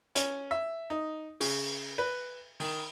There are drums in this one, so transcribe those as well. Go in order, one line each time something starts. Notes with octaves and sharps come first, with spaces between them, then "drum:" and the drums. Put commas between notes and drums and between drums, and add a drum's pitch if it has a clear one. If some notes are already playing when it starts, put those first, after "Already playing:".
C#4, drum: hi-hat
E5
D#4
C#3, drum: open hi-hat
B4
D#3, drum: open hi-hat